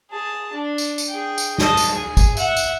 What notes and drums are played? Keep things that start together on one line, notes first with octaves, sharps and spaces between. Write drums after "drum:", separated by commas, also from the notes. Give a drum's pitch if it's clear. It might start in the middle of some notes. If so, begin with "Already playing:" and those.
G#4 A5
D4
drum: tambourine
drum: tambourine
G#4 G5
drum: tambourine
D#5 A5, drum: snare
drum: tambourine
G#4 G#5
drum: kick, tambourine
E5 F#5, drum: tambourine
drum: tambourine